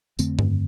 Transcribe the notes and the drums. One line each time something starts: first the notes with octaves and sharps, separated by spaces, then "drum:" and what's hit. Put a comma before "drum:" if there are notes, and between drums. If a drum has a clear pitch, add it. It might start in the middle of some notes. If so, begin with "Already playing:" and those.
F2 D3 A3 C4, drum: tambourine
drum: tom G2